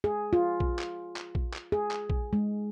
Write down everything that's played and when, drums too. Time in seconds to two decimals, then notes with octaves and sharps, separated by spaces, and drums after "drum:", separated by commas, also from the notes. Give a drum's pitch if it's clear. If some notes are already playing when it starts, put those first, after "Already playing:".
0.04 G#4
0.33 F4
0.60 drum: kick A#1
0.79 drum: clap
1.16 drum: clap
1.35 drum: kick A#1
1.54 drum: clap
1.72 G#4
1.91 drum: clap
2.10 drum: kick A#1
2.33 G#3